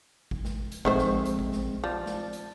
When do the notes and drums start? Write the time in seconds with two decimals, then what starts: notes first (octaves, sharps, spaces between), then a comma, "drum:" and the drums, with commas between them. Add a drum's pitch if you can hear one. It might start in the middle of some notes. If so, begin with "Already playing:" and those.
0.31 drum: kick G#1
0.45 drum: snare
0.72 drum: hi-hat
0.85 A#1 D#3 G#3 A3 C4 C5, drum: kick G#1
0.98 drum: snare
1.25 drum: hi-hat
1.39 drum: kick G#1
1.52 drum: snare
1.84 F3 D5 A5
2.06 drum: snare
2.33 drum: hi-hat